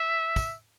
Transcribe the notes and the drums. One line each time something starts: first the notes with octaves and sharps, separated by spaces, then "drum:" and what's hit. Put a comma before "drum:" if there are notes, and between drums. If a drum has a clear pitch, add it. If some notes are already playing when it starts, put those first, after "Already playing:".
Already playing: E5
drum: kick, tambourine